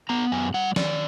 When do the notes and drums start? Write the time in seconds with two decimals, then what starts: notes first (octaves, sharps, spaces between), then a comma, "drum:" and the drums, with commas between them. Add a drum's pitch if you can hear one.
0.09 B3 A#5
0.32 F#2 G#5
0.54 G3 F#5
0.76 D#3 D5, drum: snare